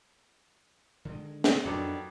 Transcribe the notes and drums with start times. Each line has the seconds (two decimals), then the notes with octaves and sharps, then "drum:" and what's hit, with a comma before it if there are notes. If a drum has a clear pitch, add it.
1.05 D3 D#3 G#3
1.44 drum: snare
1.65 F2 A2 D#3 F#3 G3 B3 D4 A4